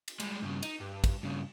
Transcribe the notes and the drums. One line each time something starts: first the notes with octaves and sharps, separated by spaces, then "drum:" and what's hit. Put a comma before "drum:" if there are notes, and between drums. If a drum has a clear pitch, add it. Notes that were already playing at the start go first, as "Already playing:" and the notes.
drum: cymbal
G3 G#3, drum: cymbal
G2 C#3
D#4, drum: cymbal
G2
drum: kick, cymbal
G2 C#3